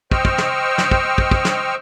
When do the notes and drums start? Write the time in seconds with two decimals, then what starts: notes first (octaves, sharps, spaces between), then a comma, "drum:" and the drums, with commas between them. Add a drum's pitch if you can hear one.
0.11 C5 D#5 G5 C#6 E6 F6, drum: kick
0.25 drum: kick
0.38 drum: snare
0.78 drum: snare
0.91 drum: kick
1.18 drum: kick
1.31 drum: kick
1.45 drum: snare